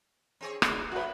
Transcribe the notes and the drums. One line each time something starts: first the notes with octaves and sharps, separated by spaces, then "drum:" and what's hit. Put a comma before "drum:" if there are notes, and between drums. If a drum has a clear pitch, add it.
C4 G#4 C#5
B3 D#4 D5, drum: rim click
F#2 A2 F#4 B4